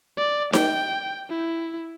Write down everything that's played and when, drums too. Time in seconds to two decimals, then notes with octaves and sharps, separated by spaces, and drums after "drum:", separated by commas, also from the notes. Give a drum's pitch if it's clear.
0.17 D5
0.53 G5, drum: snare D#4
1.29 E4